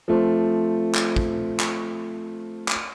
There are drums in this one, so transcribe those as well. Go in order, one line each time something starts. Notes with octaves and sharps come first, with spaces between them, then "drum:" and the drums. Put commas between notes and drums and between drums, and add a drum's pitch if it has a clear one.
F3 A3 C4
drum: clap
drum: kick
drum: clap
drum: clap